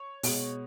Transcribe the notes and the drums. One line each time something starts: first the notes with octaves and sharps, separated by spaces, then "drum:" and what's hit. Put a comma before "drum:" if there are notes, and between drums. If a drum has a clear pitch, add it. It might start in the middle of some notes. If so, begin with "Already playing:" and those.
Already playing: C#5
B2 G#3, drum: open hi-hat